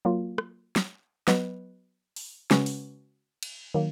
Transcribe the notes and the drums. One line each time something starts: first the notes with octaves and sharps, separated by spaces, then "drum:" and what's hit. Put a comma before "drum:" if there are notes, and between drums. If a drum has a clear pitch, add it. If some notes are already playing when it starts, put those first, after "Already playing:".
F#3 A#3 F4
drum: rim click
drum: snare
F#3 B3 F#4 B4 D#5, drum: snare
drum: open hi-hat
C#3 G#3 C#4 F#4 B4, drum: snare
drum: open hi-hat
drum: cymbal
D#3 F#3 A#3